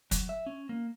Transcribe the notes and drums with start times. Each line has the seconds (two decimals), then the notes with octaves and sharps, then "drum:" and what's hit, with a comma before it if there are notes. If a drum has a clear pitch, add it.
0.11 F#3, drum: kick, hi-hat
0.29 E5
0.47 C#4
0.69 A#3